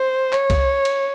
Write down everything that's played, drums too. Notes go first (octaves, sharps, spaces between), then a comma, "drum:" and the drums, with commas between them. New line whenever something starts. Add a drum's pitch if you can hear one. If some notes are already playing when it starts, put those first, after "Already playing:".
Already playing: C5
C#5, drum: clap
drum: kick, cymbal
drum: cymbal